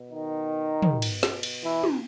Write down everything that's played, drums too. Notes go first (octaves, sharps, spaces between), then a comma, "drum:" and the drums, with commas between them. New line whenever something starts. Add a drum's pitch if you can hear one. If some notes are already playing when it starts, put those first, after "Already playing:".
Already playing: B2
D#3 D#4
drum: tom
B2, drum: cymbal
drum: snare
drum: cymbal
E3 E4
drum: tom